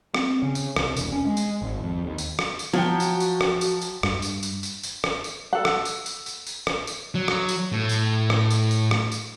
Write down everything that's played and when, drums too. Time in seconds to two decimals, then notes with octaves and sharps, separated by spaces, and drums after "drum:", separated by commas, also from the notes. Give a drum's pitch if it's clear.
0.14 C4, drum: rim click
0.42 C#3
0.55 drum: tambourine
0.76 C2, drum: rim click
0.97 E1, drum: tambourine
1.12 C#4
1.26 G#3
1.37 drum: tambourine
1.62 G#1
1.83 F2
2.04 D#2
2.18 drum: tambourine
2.39 drum: rim click
2.59 drum: tambourine
2.73 F3 F#3 F#4 G5
3.00 drum: tambourine
3.20 drum: tambourine
3.41 drum: rim click
3.61 drum: tambourine
3.81 drum: tambourine
4.03 G2, drum: rim click
4.22 drum: tambourine
4.43 drum: tambourine
4.63 drum: tambourine
4.83 drum: tambourine
5.04 drum: rim click
5.24 drum: tambourine
5.53 A4 F#5
5.65 drum: rim click
5.85 drum: tambourine
6.06 drum: tambourine
6.26 drum: tambourine
6.47 drum: tambourine
6.67 drum: rim click
6.87 drum: tambourine
7.15 F#3
7.28 drum: rim click
7.48 drum: tambourine
7.72 A2
7.89 drum: tambourine
8.30 drum: rim click
8.50 drum: tambourine
8.71 drum: tambourine
8.91 drum: rim click
9.12 drum: tambourine